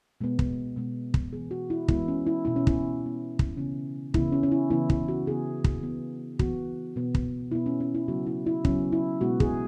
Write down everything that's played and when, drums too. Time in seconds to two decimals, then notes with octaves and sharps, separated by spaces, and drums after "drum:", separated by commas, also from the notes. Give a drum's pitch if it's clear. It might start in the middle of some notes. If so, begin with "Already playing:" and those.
0.21 B2 G#3 B3
0.39 drum: kick
0.76 B2 G#3 B3
1.14 drum: kick
1.33 E3 G#3 B3 G#4
1.51 F#4
1.70 E4
1.88 E3 G#3 B3 E4, drum: kick
2.08 C#4
2.27 E4
2.45 B2 B3 E4
2.56 C#4
2.67 E4, drum: kick
3.01 B2 B3
3.39 drum: kick
3.57 C#3 E3 B3 C#4
4.14 C#3 E3 B3 E4, drum: kick
4.32 C#4
4.43 C#4
4.52 E4
4.70 C#3 E3 B3 E4
4.90 E4, drum: kick
5.09 F#4
5.26 C#3 E3 B3 G#4
5.64 drum: kick
5.83 E3 B3
6.39 E3 B3 F#4, drum: kick
6.96 B2 B3
7.15 drum: kick
7.51 B2 B3 E4
7.66 C#4
7.80 C#4
7.94 E4
8.08 C#3 F#3 B3 F#4
8.27 E4
8.46 E4
8.65 C#3 F#3 B3 C#4, drum: kick
8.92 E4
9.21 B2 G#3 B3 F#4
9.40 G#4, drum: kick